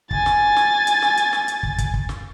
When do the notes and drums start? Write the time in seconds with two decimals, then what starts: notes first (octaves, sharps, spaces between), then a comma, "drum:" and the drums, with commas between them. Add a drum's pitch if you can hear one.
0.11 G#5 A6, drum: kick
0.26 drum: snare
0.56 drum: snare
0.87 drum: hi-hat
1.02 drum: snare
1.17 drum: hi-hat
1.33 drum: snare
1.48 drum: hi-hat
1.63 drum: kick
1.78 drum: kick, hi-hat
1.94 drum: kick
2.09 drum: snare